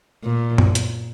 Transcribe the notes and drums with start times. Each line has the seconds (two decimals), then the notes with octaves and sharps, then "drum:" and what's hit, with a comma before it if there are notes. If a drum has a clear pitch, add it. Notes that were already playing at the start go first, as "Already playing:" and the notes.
0.24 A#2
0.58 drum: tom F#2
0.75 drum: hi-hat